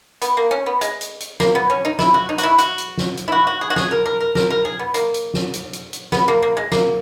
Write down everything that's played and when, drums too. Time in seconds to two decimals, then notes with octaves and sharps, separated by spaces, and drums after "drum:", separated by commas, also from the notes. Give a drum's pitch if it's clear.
0.22 B3, drum: hi-hat
0.37 A#3
0.51 C#4
0.66 B3
0.81 G#3, drum: hi-hat
1.01 drum: hi-hat
1.20 drum: hi-hat
1.40 A#3, drum: snare
1.55 B3
1.70 C#4
1.85 D#4
1.99 E4, drum: snare
2.14 F#4
2.29 D#4
2.38 F#4, drum: hi-hat
2.43 E4
2.58 F#4, drum: hi-hat
2.78 drum: hi-hat
2.98 drum: snare
3.17 drum: hi-hat
3.28 E4
3.32 F#4
3.47 F#4
3.61 G#4
3.70 F#4
3.76 G#4, drum: snare
3.91 A#4
4.06 A#4
4.20 A#4
4.35 A#4, drum: snare
4.50 A#4
4.65 G#4
4.79 B3
4.94 A#3, drum: hi-hat
5.14 drum: hi-hat
5.34 drum: snare
5.53 drum: hi-hat
5.73 drum: hi-hat
5.93 drum: hi-hat
6.12 B3, drum: snare
6.28 A#3
6.43 A#3
6.57 G#3
6.72 A#3, drum: snare